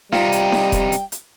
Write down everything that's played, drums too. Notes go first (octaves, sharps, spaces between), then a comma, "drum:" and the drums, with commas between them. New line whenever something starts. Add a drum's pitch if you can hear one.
C3 G3 D#4 F4 G5, drum: snare D#4
drum: hi-hat
drum: snare D#4
drum: kick E1, hi-hat
drum: hi-hat
drum: hi-hat